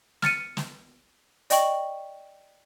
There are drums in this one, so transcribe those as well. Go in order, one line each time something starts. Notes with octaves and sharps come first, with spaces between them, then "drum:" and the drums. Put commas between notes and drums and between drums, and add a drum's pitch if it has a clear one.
F6 A6 C#7 D#7, drum: snare
drum: snare
D5 D#5 G5 C#6 F#7, drum: hi-hat